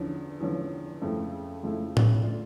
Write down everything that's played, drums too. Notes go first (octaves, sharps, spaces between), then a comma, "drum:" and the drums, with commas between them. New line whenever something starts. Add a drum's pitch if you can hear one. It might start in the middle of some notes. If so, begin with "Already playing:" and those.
Already playing: E2 D3 F3 C#4
E2 D3 F3 C#4
F2 C#3 F3 A3 E4
F2 C#3 F3 A3 E4
drum: tom A2
D3 A3 D4 F4